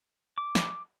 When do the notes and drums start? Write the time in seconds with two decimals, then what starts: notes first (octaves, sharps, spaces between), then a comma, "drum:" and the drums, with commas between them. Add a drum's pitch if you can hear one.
0.38 D6
0.55 drum: snare